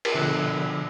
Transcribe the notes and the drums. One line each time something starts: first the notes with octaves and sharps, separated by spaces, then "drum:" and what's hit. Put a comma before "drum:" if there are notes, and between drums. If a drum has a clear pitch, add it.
drum: cymbal
B2 D3 F3 F#6